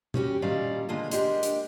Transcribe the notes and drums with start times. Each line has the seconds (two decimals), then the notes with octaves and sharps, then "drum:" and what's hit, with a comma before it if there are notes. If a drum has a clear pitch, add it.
0.14 G3 C#4 F#4 G4, drum: tom B2
0.42 A#2 D#3 G3 C#4 D5 F5
0.89 D3 G#3 A#3 B3 F4
1.11 G#3 A#3 D4 G4, drum: hi-hat
1.43 drum: hi-hat